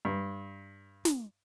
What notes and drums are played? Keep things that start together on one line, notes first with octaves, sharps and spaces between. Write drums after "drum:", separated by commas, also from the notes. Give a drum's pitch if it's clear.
G2
drum: snare